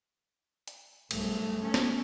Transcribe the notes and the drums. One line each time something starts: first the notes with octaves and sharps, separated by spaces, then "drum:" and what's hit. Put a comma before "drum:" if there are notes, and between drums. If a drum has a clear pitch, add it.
drum: hi-hat
B1 G2 A3, drum: cymbal
C#4
drum: snare